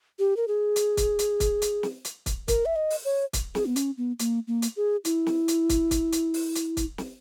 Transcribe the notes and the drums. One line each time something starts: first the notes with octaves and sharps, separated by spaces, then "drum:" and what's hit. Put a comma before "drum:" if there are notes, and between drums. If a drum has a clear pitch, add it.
G4
A#4
G#4
drum: hi-hat
drum: kick, hi-hat
drum: hi-hat
drum: kick, hi-hat
drum: hi-hat
drum: snare
drum: hi-hat
drum: kick, hi-hat
A#4, drum: kick, hi-hat
E5
D#5
drum: open hi-hat
C#5
drum: kick, hi-hat
G#4, drum: snare
B3
C#4, drum: hi-hat
B3
A#3, drum: hi-hat
A#3
drum: hi-hat
G#4
E4, drum: hi-hat
drum: snare
drum: hi-hat
drum: kick, hi-hat
drum: kick, hi-hat
drum: hi-hat
drum: open hi-hat
drum: hi-hat
drum: kick, hi-hat
drum: snare